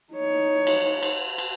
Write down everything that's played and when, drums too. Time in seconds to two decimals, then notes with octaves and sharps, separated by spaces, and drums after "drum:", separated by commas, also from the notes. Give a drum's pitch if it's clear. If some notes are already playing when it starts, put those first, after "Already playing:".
0.13 D#4 C#5
0.67 drum: cymbal
1.03 drum: cymbal
1.38 drum: cymbal